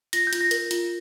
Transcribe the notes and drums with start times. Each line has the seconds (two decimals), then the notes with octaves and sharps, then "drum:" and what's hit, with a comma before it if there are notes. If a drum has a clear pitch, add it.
0.13 F4 A#6, drum: hi-hat
0.27 G6
0.33 F4, drum: hi-hat
0.41 A#6
0.51 A#4, drum: hi-hat
0.71 F4, drum: hi-hat